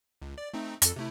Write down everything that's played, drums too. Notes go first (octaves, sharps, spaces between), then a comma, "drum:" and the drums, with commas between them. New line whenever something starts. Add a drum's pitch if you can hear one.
C#2
D5
A3 C4 D#4
F2 A4, drum: hi-hat
C3 A3 E4